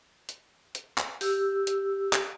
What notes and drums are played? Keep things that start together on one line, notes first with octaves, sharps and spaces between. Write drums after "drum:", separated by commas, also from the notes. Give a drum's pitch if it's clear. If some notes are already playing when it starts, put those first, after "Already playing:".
drum: hi-hat
drum: hi-hat
drum: clap
G4 E6, drum: open hi-hat
drum: hi-hat
drum: clap